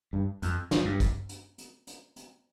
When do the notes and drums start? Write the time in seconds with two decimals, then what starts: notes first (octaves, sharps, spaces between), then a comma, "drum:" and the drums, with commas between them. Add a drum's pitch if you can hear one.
0.13 G2
0.42 F2, drum: hi-hat
0.71 drum: snare
0.85 G2
1.00 drum: kick, hi-hat
1.29 drum: hi-hat
1.58 drum: hi-hat
1.87 drum: hi-hat
2.16 drum: hi-hat